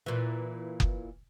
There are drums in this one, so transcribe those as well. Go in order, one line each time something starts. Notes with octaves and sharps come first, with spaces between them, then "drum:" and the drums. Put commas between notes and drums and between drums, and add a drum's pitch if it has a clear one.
A#2 E3
drum: kick F#1